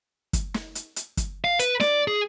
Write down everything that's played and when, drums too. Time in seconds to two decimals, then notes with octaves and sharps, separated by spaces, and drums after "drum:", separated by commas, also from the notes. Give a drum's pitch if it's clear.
0.33 drum: kick, hi-hat
0.54 drum: snare
0.75 drum: hi-hat
0.96 drum: hi-hat
1.17 drum: kick, hi-hat
1.45 F5
1.59 B4, drum: hi-hat
1.81 D5, drum: snare
2.08 G#4